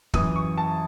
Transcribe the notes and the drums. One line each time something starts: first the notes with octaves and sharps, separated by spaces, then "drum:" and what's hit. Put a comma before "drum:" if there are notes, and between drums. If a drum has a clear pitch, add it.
F#2 E3 D#6, drum: kick
C#6
A5